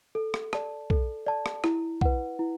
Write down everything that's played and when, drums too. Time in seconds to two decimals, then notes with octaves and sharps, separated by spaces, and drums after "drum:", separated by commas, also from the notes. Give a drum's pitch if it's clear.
0.15 A4
0.34 drum: rim click
0.53 D5 A5, drum: rim click
0.90 A4, drum: kick
1.26 D5 A5
1.46 drum: rim click
1.64 E4, drum: rim click
2.01 B4 F#5, drum: kick
2.39 E4